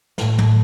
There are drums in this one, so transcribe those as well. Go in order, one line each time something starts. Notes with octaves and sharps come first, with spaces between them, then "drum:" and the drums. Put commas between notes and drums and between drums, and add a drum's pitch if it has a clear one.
A2, drum: snare
drum: tom